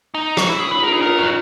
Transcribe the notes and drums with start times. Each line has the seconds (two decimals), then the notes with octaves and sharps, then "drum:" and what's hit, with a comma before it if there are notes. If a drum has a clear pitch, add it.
0.14 D#4
0.37 F#4, drum: rim click
0.49 E4
0.59 G#4, drum: cymbal
0.71 B4
0.83 A#4, drum: cymbal
0.92 G#4
1.02 A#4
1.18 F#4